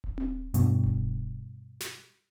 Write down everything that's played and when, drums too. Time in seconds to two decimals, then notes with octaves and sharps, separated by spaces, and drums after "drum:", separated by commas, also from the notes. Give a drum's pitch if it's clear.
0.04 drum: kick D#1
0.18 drum: tom C4
0.54 G2 B2, drum: hi-hat
0.84 drum: kick D#1
1.80 drum: snare